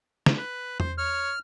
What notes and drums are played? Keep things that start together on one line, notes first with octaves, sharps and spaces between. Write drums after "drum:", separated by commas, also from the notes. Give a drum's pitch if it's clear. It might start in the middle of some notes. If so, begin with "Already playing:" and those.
drum: snare
B4
C5, drum: tom E2
C#5 F6